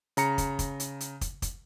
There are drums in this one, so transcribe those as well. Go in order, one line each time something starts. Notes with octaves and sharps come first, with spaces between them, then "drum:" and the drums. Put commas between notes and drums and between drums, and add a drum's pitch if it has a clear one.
C#3 A#5 C#7, drum: hi-hat
drum: kick, hi-hat
drum: kick, hi-hat
drum: hi-hat
drum: hi-hat
drum: kick, hi-hat
drum: kick, hi-hat